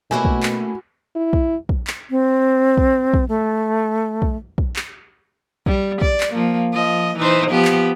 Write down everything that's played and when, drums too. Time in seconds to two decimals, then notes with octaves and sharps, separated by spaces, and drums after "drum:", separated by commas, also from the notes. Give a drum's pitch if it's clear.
0.11 B2 A3 A#3 C#4 E4 F#4 G4 G#5
0.25 drum: kick
0.43 drum: clap
1.16 E4
1.33 drum: kick
1.69 drum: kick
1.87 drum: clap
2.10 C4
2.77 drum: kick
3.14 drum: kick
3.29 A3
4.22 drum: kick
4.58 drum: kick
4.76 drum: clap
5.66 G3, drum: kick
6.02 D5, drum: kick
6.20 drum: clap
6.33 F3 A#3
6.73 F3 D#5
7.17 E3 D#4 C5
7.51 F3 B3 G4
7.65 drum: clap